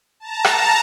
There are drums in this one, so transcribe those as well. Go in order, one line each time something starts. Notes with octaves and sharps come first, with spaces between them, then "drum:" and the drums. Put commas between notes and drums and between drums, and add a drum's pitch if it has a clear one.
A5 A#5
drum: rim click